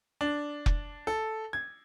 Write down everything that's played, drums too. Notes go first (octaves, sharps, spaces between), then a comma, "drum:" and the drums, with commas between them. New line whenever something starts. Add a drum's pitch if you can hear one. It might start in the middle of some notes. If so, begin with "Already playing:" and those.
D4
drum: kick F1
A4
G#6